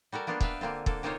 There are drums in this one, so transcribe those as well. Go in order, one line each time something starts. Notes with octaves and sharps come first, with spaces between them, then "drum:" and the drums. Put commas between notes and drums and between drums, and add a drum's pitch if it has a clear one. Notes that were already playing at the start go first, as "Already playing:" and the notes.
G3 F#4 A4 A#4
A#3 B3 D4 F4 F#4
B4 E5 F5 G5, drum: kick
D3 A#3 C4 F4
D3 A#3 A4, drum: kick
C3 A#3 D#4 F4 C5 C#5